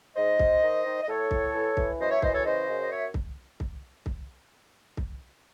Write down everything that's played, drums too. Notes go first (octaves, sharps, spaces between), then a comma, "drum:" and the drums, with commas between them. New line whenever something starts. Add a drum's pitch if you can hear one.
G#2 C5 D#5
G#2, drum: kick C2
D#3
D#3
D#5
A2 A4 C#5
A2, drum: kick C2
E3
E3, drum: kick C2
F#2 C5 D#5
C#5 E5
E3 C5 D#5, drum: kick C2
A4 C#5
C#3 C5 D#5
F#2
D#5
C#5 E5
drum: kick C2
drum: kick C2
drum: kick C2
drum: kick C2